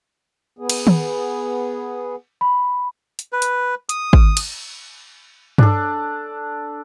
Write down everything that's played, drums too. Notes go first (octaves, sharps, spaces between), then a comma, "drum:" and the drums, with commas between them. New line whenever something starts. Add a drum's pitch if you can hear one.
B3 G#4
drum: cymbal
drum: tom D#3
B5
drum: hi-hat
B4
drum: hi-hat
D#6, drum: hi-hat
drum: kick G#1
drum: cymbal
D4 A4, drum: tom G2